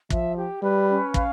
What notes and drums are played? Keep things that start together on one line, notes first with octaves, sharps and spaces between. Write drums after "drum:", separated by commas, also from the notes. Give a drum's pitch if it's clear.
F3 E5, drum: kick
G4
G3 B4
C#4
F5, drum: kick